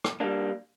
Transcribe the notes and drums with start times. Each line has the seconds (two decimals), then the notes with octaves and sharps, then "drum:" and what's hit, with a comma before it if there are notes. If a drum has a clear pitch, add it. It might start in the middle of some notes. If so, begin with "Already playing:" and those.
0.04 drum: rim click
0.20 G3 A#3 D4